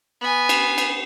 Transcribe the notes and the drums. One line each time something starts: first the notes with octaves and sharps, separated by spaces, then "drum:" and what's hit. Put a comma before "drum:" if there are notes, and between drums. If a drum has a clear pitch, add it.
B3 G#5
drum: cymbal
drum: cymbal